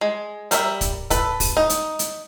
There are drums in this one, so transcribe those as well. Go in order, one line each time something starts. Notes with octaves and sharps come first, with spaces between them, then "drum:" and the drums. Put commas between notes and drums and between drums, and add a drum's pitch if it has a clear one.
G#3
G3 A#4 C#5 E5, drum: hi-hat
drum: kick, hi-hat
A4 B4, drum: kick, hi-hat
drum: kick, open hi-hat
D#4
drum: hi-hat
drum: hi-hat